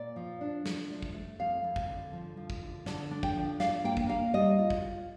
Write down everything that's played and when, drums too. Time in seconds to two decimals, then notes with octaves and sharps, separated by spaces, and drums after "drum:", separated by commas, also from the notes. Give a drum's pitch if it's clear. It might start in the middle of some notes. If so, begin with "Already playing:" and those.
Already playing: A#2 D5
0.16 F3
0.41 D4
0.66 F3, drum: snare
0.90 A3
1.02 drum: kick
1.15 A3
1.39 F2 F5
1.64 F2
1.76 drum: kick
1.89 D3
2.13 F3
2.37 F3
2.50 drum: kick
2.62 D3
2.86 D3 A5, drum: snare
3.11 D4
3.23 G5, drum: kick
3.36 F3
3.60 D4 F5, drum: snare
3.84 A#3 G5
3.97 drum: kick
4.09 A#3 F5
4.33 G3 D#5
4.59 F4
4.70 drum: kick
4.82 F4